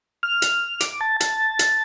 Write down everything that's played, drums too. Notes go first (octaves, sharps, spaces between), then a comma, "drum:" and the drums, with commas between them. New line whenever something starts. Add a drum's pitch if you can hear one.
F6
drum: hi-hat
D6, drum: hi-hat
A5
A5, drum: hi-hat
drum: hi-hat